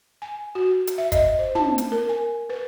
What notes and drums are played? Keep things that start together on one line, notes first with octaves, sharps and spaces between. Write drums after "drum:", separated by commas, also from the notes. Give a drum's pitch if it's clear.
G#5
F#4
drum: hi-hat
E5
D#5, drum: kick, hi-hat
C5
A5, drum: tom
drum: hi-hat
A#4
G#5
B4